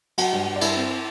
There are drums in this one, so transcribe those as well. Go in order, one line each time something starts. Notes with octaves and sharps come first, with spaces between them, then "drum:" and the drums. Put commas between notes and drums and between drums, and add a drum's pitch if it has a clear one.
F#3 F#4 F#5, drum: cymbal
G2
G2
D5
G2 E4 E5, drum: cymbal
C4